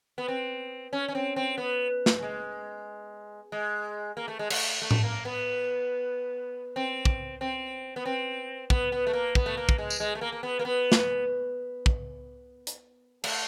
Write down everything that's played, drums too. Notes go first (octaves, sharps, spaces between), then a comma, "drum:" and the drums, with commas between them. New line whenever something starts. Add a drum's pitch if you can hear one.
B3
C4
C#4
C#4
C4
C4
B3
drum: snare
G#3
G#3
A#3
A3
G#3
A3, drum: cymbal
A3
drum: tom A2
A#3
B3
C4
drum: kick
C4
B3
C4
B3, drum: kick
B3
A3
A#3
B3, drum: kick
A3
A#3
drum: kick
G#3
drum: tambourine
G#3
A3
A#3
A#3
B3
A#3
B3
drum: snare
drum: kick
drum: hi-hat
A3, drum: cymbal